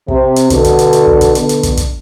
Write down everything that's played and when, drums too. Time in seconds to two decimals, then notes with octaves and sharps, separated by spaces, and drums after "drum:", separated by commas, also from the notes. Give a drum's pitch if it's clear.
0.08 C3, drum: kick
0.36 drum: hi-hat
0.50 B2 D3, drum: kick, hi-hat
0.64 drum: kick, hi-hat
0.79 drum: hi-hat
0.93 drum: hi-hat
1.07 drum: kick
1.21 drum: kick, hi-hat
1.35 B2 D3, drum: hi-hat
1.49 drum: hi-hat
1.63 drum: kick, hi-hat
1.77 drum: kick, hi-hat